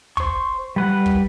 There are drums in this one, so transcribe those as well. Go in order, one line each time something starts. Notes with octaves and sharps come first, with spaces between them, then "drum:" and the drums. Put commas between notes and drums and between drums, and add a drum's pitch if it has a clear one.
C5 C#6, drum: kick
G3 B4 F#5
drum: kick